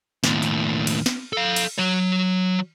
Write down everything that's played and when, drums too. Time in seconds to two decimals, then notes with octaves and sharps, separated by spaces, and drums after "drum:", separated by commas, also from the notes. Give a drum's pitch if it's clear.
0.24 D#2 A2, drum: snare
0.43 drum: hi-hat
0.87 drum: cymbal
1.06 drum: snare
1.33 A4 F5
1.56 drum: cymbal
1.78 F#3 C#5